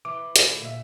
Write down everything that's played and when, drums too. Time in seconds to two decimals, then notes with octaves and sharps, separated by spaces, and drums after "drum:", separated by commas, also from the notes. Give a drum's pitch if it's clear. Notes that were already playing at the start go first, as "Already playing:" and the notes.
0.05 E3 D6
0.36 A2 D3, drum: hi-hat
0.61 A#2 E5